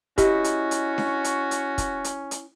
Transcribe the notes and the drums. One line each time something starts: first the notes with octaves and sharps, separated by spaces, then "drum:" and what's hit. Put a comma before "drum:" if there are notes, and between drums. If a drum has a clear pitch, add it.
C#4 E4 F#4 G4 D#5, drum: kick, hi-hat
drum: hi-hat
drum: hi-hat
drum: snare D4
drum: hi-hat
drum: hi-hat
drum: kick, hi-hat
drum: hi-hat
drum: hi-hat